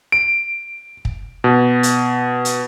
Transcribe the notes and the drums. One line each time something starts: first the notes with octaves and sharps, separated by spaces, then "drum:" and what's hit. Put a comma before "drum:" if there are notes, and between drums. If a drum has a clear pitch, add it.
D7
drum: kick
B2
drum: hi-hat
drum: hi-hat